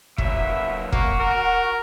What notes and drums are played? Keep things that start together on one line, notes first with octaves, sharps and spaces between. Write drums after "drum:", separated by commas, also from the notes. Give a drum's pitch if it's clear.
B2 F#3 A#3 E5, drum: kick E1
A#3 F#4, drum: kick E1
A#4